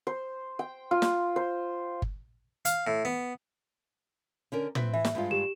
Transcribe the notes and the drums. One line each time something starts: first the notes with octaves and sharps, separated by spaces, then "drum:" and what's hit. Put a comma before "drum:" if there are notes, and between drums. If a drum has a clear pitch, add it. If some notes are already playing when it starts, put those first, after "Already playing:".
C5
G5
F4
drum: snare
C5
drum: kick G1
F5, drum: hi-hat
A2
B3
D3 C#4 A#4
C4 B4 E5, drum: tom
E3 E5
drum: snare
G2 G#3 F4
G4 E7